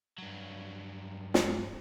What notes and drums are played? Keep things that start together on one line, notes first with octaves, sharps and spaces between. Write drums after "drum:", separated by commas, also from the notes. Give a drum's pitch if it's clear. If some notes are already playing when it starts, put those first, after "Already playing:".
G2 F#3
drum: snare